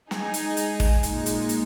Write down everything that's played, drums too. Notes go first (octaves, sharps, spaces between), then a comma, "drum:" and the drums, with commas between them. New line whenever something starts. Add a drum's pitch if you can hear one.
G#3 D#4 G#4, drum: snare
drum: hi-hat
drum: hi-hat
drum: kick, open hi-hat
A#2 G#3 D#4, drum: hi-hat
drum: hi-hat
drum: hi-hat